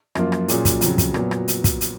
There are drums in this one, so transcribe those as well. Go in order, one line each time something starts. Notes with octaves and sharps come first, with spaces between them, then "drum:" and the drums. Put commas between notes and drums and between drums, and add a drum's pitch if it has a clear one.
F#2 F3 A#3 F4, drum: rim click
drum: rim click
A#2 F#3 C#4 F4 G#4, drum: hi-hat
drum: kick, hi-hat
F2 C#3 F#3, drum: hi-hat
drum: kick, hi-hat
A#2 F#3 B3, drum: rim click
drum: rim click
drum: hi-hat
drum: kick, hi-hat
drum: hi-hat